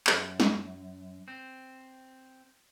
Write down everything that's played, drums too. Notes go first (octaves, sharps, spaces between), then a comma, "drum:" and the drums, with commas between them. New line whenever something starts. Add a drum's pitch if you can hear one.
F#2, drum: clap
drum: snare
C4